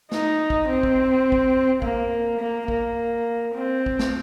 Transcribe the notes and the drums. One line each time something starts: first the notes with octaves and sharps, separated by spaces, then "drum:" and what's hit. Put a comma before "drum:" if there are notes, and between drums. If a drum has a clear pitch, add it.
D#4, drum: snare
drum: kick
C4
drum: kick
drum: kick
A#3, drum: kick
A#3
A#3, drum: kick
C4
drum: kick
drum: snare